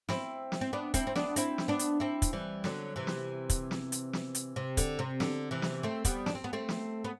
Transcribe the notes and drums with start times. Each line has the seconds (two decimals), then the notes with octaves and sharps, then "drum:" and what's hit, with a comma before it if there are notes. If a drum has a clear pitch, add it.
0.09 C4 E4, drum: snare
0.52 drum: snare
0.61 C4
0.73 B3 D4
0.94 C4 E4, drum: kick, hi-hat
1.07 C4
1.16 B3 D4, drum: snare
1.36 C4 E4, drum: hi-hat
1.58 drum: snare
1.68 B3 D4
1.79 drum: hi-hat
2.00 C4 E4
2.22 drum: kick, hi-hat
2.33 E3 G3
2.64 D3 F#3, drum: snare
2.96 C3 E3
3.07 drum: snare
3.50 drum: kick, hi-hat
3.71 drum: snare
3.92 drum: hi-hat
4.13 drum: snare
4.35 drum: hi-hat
4.56 C3
4.77 D3, drum: kick, hi-hat
4.99 C3
5.20 D3, drum: snare
5.51 C3 E3
5.62 drum: snare
5.83 A3 C4
6.05 G3 B3, drum: kick, hi-hat
6.26 D4, drum: snare
6.35 C4
6.44 B3
6.53 A3 C4
6.69 drum: snare
7.04 B3